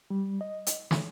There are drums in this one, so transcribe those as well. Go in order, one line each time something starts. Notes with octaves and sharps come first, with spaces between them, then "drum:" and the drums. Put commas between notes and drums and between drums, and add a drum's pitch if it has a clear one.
G3
D#5
drum: hi-hat
E3, drum: snare